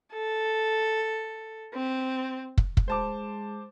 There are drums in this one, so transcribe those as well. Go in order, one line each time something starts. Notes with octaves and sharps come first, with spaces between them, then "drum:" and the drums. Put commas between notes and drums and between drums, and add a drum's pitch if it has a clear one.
A4
C4
drum: kick
drum: kick
G#3 C5 A5 D6